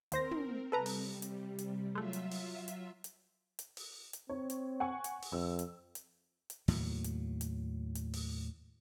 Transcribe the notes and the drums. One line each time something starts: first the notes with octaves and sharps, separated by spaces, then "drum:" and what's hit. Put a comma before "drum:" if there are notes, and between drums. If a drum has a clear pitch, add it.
D#2 C4 A#4 C5 A#6, drum: hi-hat
drum: tom
C3 G3 A4 B4 A#5
drum: open hi-hat
drum: hi-hat
drum: hi-hat
F#3 G#3 A3 F4 E5
drum: hi-hat
drum: open hi-hat
drum: hi-hat
drum: hi-hat
drum: hi-hat
drum: open hi-hat
drum: hi-hat
C4 C#5
drum: hi-hat
F#5 G#5 C#6
drum: hi-hat
drum: open hi-hat
F2 E6
drum: hi-hat
drum: hi-hat
drum: hi-hat
D#2 A2 F#3, drum: open hi-hat
drum: hi-hat
drum: hi-hat
drum: hi-hat
drum: open hi-hat